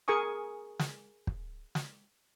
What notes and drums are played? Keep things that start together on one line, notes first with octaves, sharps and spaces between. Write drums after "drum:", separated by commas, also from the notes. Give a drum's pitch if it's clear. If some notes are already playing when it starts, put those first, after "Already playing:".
G#4 A#4 G#5 C#6 D#6
drum: snare
drum: kick
drum: snare